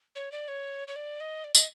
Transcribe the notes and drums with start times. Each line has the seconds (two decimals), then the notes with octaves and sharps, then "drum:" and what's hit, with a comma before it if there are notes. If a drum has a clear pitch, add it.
0.15 C#5
0.32 D5
0.48 C#5
0.88 C#5
0.96 D5
1.20 D#5
1.44 D5
1.55 D#5, drum: tambourine